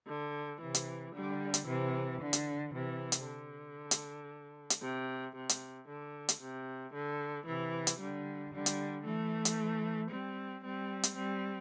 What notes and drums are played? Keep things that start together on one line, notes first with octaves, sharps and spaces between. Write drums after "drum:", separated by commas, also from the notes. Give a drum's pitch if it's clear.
D3
C3 E3
drum: hi-hat
D3 G3
drum: hi-hat
C3 E3
D3
drum: hi-hat
C3 E3
drum: hi-hat
D3
drum: hi-hat
drum: hi-hat
C3
C3
drum: hi-hat
D3
drum: hi-hat
C3
D3
C3 E3
drum: hi-hat
D3 G3
D3 G3
drum: hi-hat
E3 A3
drum: hi-hat
G3 C4
G3 C4
drum: hi-hat
G3 C4